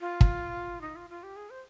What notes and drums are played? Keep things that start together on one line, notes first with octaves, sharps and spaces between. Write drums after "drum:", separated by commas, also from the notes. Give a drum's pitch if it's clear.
F4
drum: kick
D#4
F4
F4
G4
G#4
C5